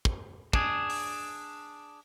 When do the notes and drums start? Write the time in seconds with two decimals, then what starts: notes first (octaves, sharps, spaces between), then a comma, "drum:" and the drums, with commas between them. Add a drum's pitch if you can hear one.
0.05 drum: kick
0.53 D4 G#4, drum: kick
0.90 drum: open hi-hat